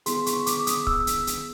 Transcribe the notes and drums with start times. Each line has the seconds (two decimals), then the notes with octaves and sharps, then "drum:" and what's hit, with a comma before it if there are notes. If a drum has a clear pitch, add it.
0.06 B3 E4 G#4 C6, drum: hi-hat
0.26 C#6, drum: hi-hat
0.46 D6, drum: hi-hat
0.67 D#6, drum: hi-hat
0.87 E6, drum: kick
1.07 drum: hi-hat
1.27 drum: hi-hat